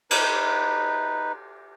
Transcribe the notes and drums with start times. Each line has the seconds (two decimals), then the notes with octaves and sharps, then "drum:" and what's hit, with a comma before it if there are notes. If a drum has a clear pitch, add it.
0.11 D#4 B4, drum: cymbal